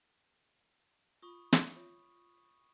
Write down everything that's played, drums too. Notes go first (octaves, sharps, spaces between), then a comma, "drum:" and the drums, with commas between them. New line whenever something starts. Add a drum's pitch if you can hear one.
F4 B5 C#6 D#6
drum: snare
F4 C#5 E5